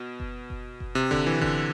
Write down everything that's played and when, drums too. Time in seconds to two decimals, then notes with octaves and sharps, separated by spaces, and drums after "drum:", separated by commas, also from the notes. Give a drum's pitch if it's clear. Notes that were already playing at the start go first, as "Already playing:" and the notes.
Already playing: B2
0.20 drum: kick F#1
0.50 drum: kick F#1
0.80 drum: kick F#1
0.95 C3
1.11 D3, drum: kick F#1
1.26 E3
1.41 D3, drum: kick F#1